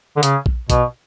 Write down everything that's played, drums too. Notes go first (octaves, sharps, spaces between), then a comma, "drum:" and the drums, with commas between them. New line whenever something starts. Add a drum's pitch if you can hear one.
D3
C#3, drum: hi-hat
drum: kick A#1
B2, drum: kick A#1, hi-hat